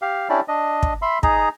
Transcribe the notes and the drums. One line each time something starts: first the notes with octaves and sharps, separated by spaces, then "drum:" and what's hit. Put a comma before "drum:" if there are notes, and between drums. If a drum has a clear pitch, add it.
G4 F5
C#4 D4 E4 G4 D5
D4 D#5
drum: kick
E5 B5 C6
D#4 G#4 A#5, drum: kick